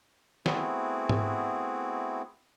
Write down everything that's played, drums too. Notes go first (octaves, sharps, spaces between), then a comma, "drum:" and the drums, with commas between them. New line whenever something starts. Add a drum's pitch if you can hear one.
A3 B3 C4 E4 F#4 G#4, drum: snare
drum: tom G#2